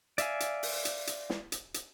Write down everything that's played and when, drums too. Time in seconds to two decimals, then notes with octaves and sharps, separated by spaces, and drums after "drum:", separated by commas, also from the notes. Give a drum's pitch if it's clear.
0.18 D5 E5 F5 G#5, drum: hi-hat
0.40 drum: hi-hat
0.63 drum: open hi-hat
0.85 drum: hi-hat
1.07 drum: hi-hat
1.30 drum: snare
1.52 drum: hi-hat
1.74 drum: hi-hat